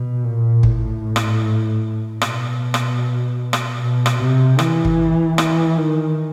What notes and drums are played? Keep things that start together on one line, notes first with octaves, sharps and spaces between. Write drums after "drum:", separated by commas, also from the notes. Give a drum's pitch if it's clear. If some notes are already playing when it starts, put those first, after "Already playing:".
Already playing: B2
A#2
A2, drum: kick
drum: rim click
B2, drum: rim click
drum: rim click
drum: rim click
B2
drum: rim click
C3
E3, drum: rim click
drum: kick
E3, drum: rim click
D#3